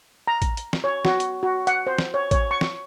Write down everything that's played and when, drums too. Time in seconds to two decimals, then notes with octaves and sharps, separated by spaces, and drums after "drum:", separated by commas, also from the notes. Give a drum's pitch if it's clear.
0.27 A#5
0.42 drum: kick A1, hi-hat
0.57 drum: hi-hat
0.73 drum: snare
0.84 C#5
1.05 F#4, drum: snare
1.20 drum: hi-hat
1.43 F#4
1.67 F#5, drum: hi-hat
1.87 C5
1.98 drum: snare
2.14 C#5
2.31 C#5, drum: kick A1, hi-hat
2.51 C#6
2.61 drum: snare